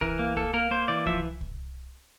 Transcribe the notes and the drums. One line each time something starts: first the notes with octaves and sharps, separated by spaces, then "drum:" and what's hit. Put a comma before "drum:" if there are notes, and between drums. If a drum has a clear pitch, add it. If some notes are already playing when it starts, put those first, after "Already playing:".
E3 A#4, drum: kick C2
A#3
A#3 A4, drum: kick C2
A#3 A#4
A#3 C5
E3 D5
F3 E5, drum: kick C2
drum: kick C2